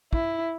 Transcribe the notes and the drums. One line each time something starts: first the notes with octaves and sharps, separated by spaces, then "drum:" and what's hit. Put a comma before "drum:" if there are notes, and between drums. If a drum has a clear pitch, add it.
E4, drum: kick